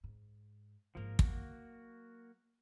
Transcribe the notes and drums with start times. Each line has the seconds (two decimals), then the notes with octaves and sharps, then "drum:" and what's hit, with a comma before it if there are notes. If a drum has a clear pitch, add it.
0.04 G#2
0.95 A1 G#2 F3 A#3 A#4
1.19 F#3 A#3 F#4, drum: kick